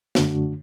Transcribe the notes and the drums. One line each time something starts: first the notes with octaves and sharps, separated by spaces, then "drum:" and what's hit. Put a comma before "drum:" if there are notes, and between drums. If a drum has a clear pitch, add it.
F#2 D3 A3 D4 F#4, drum: snare